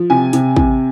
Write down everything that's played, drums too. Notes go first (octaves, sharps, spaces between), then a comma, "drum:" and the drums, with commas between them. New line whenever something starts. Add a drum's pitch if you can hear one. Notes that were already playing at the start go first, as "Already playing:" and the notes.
Already playing: F3
C3 G#5
C3, drum: hi-hat
C3, drum: kick